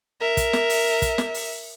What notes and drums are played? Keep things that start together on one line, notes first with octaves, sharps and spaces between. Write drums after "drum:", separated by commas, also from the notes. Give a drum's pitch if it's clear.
A#4 E5
drum: kick, hi-hat
drum: snare
drum: open hi-hat
drum: kick, hi-hat
drum: snare
drum: open hi-hat